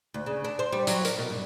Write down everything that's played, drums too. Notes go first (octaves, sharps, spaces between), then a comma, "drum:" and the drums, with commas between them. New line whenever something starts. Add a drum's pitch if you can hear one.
D2
C#3
D4
C5
G3
F#3, drum: hi-hat
A#4, drum: hi-hat
B2
G2